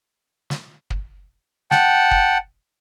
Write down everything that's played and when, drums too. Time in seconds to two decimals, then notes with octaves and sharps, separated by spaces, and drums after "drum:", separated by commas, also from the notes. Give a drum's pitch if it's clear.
0.50 drum: snare
0.90 drum: kick
1.71 F#5 G5 A5, drum: snare
2.11 drum: kick